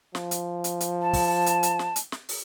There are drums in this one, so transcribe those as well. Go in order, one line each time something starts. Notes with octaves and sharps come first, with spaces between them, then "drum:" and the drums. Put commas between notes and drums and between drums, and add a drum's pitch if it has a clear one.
F3, drum: snare
drum: hi-hat
drum: hi-hat
drum: hi-hat
A5
drum: kick, open hi-hat
drum: hi-hat
drum: hi-hat
drum: snare
drum: hi-hat
drum: snare
drum: open hi-hat